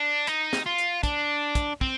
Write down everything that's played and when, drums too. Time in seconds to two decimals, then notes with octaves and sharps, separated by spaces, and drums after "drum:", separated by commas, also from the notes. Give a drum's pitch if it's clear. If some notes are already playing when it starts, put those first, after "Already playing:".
Already playing: D4
0.27 D#4, drum: hi-hat
0.53 drum: snare
0.66 F4
0.78 drum: hi-hat
1.03 D4, drum: kick, hi-hat
1.55 drum: kick, hi-hat
1.81 C4, drum: kick